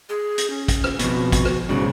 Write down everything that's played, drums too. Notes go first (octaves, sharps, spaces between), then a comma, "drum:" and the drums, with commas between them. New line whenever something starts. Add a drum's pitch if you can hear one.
G#4
drum: hi-hat
C#4
drum: kick, hi-hat
drum: rim click
F2 B2 F#4, drum: hi-hat
F#4, drum: kick, hi-hat
drum: rim click
B1 G#2 C#3 F#4